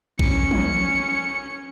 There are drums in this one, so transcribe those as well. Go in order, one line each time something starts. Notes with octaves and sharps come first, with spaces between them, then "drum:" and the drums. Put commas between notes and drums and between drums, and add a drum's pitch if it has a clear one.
C#4 C#7, drum: kick A#1
drum: tom